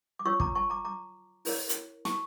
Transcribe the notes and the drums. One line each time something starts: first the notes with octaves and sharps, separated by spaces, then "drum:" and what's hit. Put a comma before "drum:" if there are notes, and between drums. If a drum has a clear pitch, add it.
D6
F4 C#5 C#6 E6
A#5 D6, drum: kick
A5 C#6
A#5 D6
A#5 D6
E4 A#4 C#5, drum: open hi-hat
drum: hi-hat
A5 C#6, drum: snare